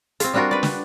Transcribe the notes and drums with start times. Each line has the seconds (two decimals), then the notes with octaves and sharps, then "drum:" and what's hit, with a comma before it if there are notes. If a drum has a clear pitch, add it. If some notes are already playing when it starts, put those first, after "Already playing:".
0.20 C4 F4, drum: hi-hat
0.33 G3 C4 D4 F4 F#4 A#4
0.51 B4 D5
0.63 drum: snare